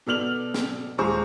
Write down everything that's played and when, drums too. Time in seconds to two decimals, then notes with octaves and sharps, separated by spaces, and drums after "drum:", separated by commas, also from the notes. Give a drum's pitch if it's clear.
0.07 B2 A4 D5 F6 F7 F#7
0.54 drum: snare
0.98 D#1 G#3 F4 G#4 C5 C#6